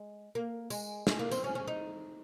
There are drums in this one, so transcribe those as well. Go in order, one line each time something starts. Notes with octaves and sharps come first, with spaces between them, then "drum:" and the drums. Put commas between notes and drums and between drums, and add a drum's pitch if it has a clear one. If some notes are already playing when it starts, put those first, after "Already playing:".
Already playing: G#3
A#3
G#3, drum: tambourine
G#3, drum: snare
A#3
C4, drum: tambourine
C#4
C#4
D#4